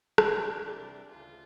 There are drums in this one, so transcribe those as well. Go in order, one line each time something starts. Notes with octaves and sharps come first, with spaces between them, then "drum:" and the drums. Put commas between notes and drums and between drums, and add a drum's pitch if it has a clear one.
C3 E3 G3 D4, drum: rim click
C3 E3 G3 D4
D2 C#3 E3 F4